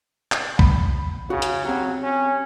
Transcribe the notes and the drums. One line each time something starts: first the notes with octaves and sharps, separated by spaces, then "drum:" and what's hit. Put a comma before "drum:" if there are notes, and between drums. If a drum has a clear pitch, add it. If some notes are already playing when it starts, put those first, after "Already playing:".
drum: clap
B5, drum: kick
C#3 F#4
drum: hi-hat
F#3 C4 G4
C#4